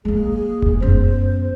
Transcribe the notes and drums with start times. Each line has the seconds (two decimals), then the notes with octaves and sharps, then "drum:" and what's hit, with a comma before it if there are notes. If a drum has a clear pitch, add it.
0.05 G#3 A#3 G#4
0.62 drum: kick F1
0.80 F#2 B3 C5